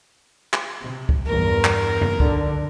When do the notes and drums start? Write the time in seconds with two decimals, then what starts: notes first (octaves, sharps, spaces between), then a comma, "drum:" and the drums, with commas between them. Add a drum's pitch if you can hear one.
0.53 drum: clap
0.82 C3
1.09 drum: kick C#2
1.26 E2 G2 A#4
1.64 drum: clap
2.01 drum: tom F2
2.20 D3, drum: kick C#2